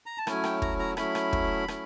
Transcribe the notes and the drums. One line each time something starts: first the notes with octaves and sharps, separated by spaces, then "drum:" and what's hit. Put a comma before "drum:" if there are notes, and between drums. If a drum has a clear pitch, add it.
A#5
A5
F#3 A3 C#4 E4 G#5, drum: rim click
G5, drum: rim click
A#5, drum: kick
A#5
F#3 A3 C#4 E4 B5, drum: rim click
drum: rim click
drum: kick
F#3 A3 C#4 E4, drum: rim click